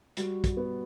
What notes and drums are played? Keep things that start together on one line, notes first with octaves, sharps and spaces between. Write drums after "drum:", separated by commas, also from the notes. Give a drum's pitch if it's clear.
G3 F#4, drum: hi-hat
drum: kick, hi-hat
B3